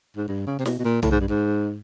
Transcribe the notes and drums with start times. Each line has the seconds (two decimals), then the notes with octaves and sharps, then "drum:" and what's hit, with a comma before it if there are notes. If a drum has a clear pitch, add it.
0.17 G#2
0.28 G2
0.47 C#3
0.59 C3
0.66 B2, drum: snare
0.79 B2
0.85 A#2
1.03 A2, drum: tom
1.11 G#2
1.20 G2
1.29 G#2